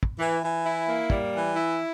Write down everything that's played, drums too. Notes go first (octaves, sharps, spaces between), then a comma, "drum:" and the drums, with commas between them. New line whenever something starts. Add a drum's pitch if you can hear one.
drum: kick
E3
E3
E4
A#3
G3, drum: kick
E3
E4